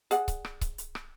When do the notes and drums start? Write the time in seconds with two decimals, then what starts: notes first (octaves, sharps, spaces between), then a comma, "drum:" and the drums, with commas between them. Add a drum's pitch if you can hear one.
0.11 G#4 D5 F#5, drum: hi-hat
0.28 drum: kick C#1, hi-hat
0.45 drum: rim click
0.61 drum: kick C#1, hi-hat
0.78 drum: hi-hat
0.95 drum: rim click